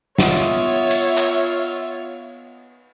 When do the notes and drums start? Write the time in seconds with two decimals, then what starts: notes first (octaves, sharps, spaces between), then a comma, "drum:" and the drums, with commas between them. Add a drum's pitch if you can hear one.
0.18 B3 F4 C#5 D#5 E5, drum: snare
0.91 drum: cymbal
1.17 drum: clap